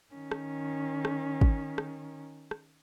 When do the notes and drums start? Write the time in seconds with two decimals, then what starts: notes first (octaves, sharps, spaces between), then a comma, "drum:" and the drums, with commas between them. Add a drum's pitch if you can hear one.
0.13 D#3 C#4
0.31 drum: rim click
1.05 drum: rim click
1.41 drum: kick
1.78 drum: rim click
2.51 drum: rim click